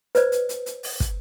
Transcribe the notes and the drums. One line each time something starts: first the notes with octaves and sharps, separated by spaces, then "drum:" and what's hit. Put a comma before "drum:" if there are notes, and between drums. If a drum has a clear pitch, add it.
B4 C5 D5, drum: hi-hat
drum: hi-hat
drum: hi-hat
drum: hi-hat
drum: open hi-hat
drum: kick, hi-hat